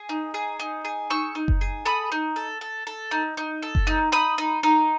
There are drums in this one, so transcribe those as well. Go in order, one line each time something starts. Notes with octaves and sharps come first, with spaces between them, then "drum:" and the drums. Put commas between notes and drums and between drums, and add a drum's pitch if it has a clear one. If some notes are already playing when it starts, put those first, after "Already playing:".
Already playing: G#4
D#4
G#4
D#4
G#4
D#4 C#6 E6
D#4
drum: kick F#1
G#4
A4 B5 D#6
D#4
A4
A4
A4
D#4
D#4
A4
drum: kick F#1
D#4
D#4 B5 D#6
D#4
D#4